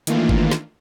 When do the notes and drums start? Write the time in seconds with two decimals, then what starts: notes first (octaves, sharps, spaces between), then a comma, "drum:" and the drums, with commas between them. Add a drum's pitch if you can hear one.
0.07 D#3 E3 A3 A#3 D4 F4, drum: hi-hat
0.29 drum: kick
0.51 drum: snare